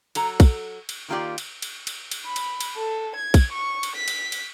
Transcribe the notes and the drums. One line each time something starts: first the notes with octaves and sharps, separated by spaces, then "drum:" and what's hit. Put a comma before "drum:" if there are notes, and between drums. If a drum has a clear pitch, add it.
F#3 A4 A#5, drum: cymbal
drum: kick, cymbal
drum: cymbal
D#3 A#3 F4 G4 D5
drum: cymbal
drum: cymbal
drum: cymbal
drum: cymbal
B5
drum: cymbal
drum: cymbal
A4
G#6
drum: kick, cymbal
C#6
drum: cymbal
B6
drum: cymbal
drum: cymbal